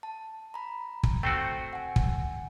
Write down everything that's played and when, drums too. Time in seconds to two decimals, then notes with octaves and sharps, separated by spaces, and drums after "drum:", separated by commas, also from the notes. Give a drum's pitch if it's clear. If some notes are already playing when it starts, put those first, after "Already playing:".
0.03 A5
0.54 A#5 B5
1.03 drum: kick
1.23 A3 C4 F#4 G5 E6
1.73 F#5 G#5
1.96 drum: kick